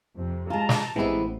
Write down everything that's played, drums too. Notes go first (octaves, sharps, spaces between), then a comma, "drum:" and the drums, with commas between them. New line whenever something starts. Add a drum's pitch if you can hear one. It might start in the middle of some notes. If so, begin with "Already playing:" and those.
F2 C3
G#3 F4 A5 A#5
drum: snare
A1 E3 G#3 B3 C4 E4 G4